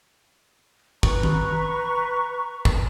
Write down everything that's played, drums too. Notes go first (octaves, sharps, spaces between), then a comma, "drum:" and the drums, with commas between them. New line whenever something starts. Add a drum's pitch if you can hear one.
B4 A#5 C#6, drum: kick
drum: tom D#3
drum: kick